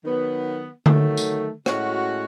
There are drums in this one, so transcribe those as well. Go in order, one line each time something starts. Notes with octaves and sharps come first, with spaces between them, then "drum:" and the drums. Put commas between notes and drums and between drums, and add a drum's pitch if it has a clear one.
D#3 F#3 B3
D#3 F#3 A3, drum: tom D3
drum: tambourine
A2 G#3 C#4 F#4, drum: rim click